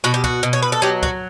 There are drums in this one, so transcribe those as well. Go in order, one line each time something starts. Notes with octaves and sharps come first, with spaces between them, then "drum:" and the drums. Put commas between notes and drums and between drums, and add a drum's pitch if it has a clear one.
B2 F#4
G4
F#4, drum: kick
B2
C#5
B4
A4
F#3 G4
F#4, drum: kick